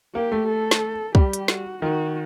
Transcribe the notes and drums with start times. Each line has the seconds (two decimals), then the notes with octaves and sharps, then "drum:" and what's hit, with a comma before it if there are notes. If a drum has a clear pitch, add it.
0.14 A#3 G4
0.32 A3
0.48 A4
0.71 drum: snare
1.15 G3 G4, drum: kick
1.33 drum: hi-hat
1.48 F#4, drum: snare
1.82 D#3 F#4